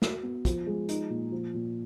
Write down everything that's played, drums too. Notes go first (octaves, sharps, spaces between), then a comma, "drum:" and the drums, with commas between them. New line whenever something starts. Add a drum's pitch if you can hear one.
F#4, drum: snare
B3
F3, drum: kick, hi-hat
G#3
D#4, drum: hi-hat
A#2
F3
A#2